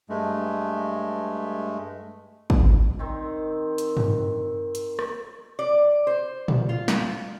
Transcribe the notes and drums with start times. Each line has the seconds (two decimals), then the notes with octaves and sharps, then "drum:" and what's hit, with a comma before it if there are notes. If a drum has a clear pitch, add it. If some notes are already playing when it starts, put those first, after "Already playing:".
0.10 G2 G#3 A3
2.50 drum: kick
2.99 D#3 C4
3.78 drum: hi-hat
3.97 drum: tom G2
4.75 drum: hi-hat
4.99 drum: rim click
5.59 D5
6.07 C5
6.48 drum: tom A#2
6.69 F4
6.88 drum: snare